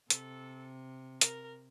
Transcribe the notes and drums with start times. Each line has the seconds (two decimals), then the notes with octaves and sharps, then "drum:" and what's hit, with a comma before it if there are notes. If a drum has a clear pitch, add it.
0.10 C3 A4, drum: hi-hat
1.21 A#4, drum: hi-hat